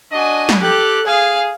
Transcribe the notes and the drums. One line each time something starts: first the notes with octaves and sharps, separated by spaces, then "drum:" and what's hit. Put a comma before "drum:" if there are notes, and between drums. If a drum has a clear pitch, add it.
D4 F#4 D#5 G#5
drum: snare
G4 A4 F#6
G#4 F5